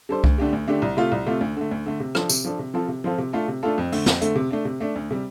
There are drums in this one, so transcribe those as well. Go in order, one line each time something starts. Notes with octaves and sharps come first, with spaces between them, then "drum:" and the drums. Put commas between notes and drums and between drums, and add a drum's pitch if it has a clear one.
G3 D4 A4 C5
D2, drum: kick C2
D3 A3 D4 G4
D2
D3 A3 D4 G4
C2
C3 A3 F4
C2
C3 A3 F4
D2
D3 A3
D2
D3 A3
C3
F3 D4 A4, drum: rim click
C3, drum: tambourine
F3 D4 A4
C3
F3 C4 F4 A4
C3
F3 C4 F4 A4
C3
A3 D4 F4 A4
C3
A3 D4 F4 A4
F2
D3 A3, drum: open hi-hat
F2, drum: snare
D3 A3, drum: hi-hat
C3
A3 D4
C3
A3 D4
D2
C3 G3